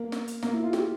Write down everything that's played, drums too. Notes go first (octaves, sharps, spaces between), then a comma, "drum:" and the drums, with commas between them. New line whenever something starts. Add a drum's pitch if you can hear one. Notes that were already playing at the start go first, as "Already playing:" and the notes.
Already playing: A#3
drum: snare
drum: hi-hat
A#3, drum: snare
E4
F4
G4, drum: snare